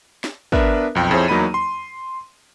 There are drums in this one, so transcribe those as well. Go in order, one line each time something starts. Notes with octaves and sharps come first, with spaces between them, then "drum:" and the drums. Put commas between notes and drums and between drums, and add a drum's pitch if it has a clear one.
drum: snare
B3 D4 A#4 B4 E5, drum: kick
B1 F2 G5
F2 E4 G#4 C5 C#5
E2 F#3 A#3 D#4 B5 D#7
C6